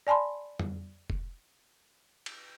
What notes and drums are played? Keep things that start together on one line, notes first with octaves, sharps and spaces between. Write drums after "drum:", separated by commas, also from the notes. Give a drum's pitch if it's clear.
D5 G#5 A5 B5 C6
drum: tom
drum: kick F1
drum: cymbal